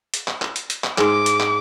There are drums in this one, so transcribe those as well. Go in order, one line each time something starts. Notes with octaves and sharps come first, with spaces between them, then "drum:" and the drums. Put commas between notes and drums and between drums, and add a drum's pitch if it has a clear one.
drum: hi-hat
drum: clap
drum: clap
drum: hi-hat
drum: hi-hat
drum: clap
G#2 G#3 D6, drum: clap
drum: hi-hat
drum: clap